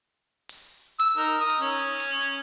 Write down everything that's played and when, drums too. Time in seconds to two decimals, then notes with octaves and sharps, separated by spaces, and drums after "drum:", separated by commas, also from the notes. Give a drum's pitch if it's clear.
0.49 drum: hi-hat
1.00 E6, drum: hi-hat
1.17 D#4 A#4
1.41 D#6
1.50 drum: hi-hat
1.60 C#4
2.00 drum: hi-hat